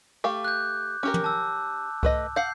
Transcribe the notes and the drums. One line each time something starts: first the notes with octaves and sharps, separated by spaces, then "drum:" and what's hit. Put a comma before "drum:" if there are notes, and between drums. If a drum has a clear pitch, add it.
A3 G4 F5 D6
F#6 G6
C#4 G4 A#4 D6
drum: tom
A5 E6
A3 B4 D#5, drum: kick C2
F5 F#5 G6 C7